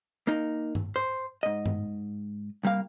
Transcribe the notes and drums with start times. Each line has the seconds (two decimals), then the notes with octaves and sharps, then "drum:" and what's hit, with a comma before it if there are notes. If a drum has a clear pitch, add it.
0.27 A#3 D#4
0.75 drum: tom G2
0.96 C5
1.43 G#2 D#5
1.66 drum: tom G2
2.63 C2 G3 A#3 F5